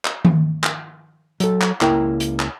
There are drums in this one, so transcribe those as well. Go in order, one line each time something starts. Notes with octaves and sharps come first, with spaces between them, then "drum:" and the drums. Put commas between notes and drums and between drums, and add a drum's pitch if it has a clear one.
drum: clap
drum: tom D#3
drum: clap
F#3 A4, drum: hi-hat
drum: clap
C#2 A#3 E4 A#4 G5 A#5, drum: clap
drum: hi-hat
drum: clap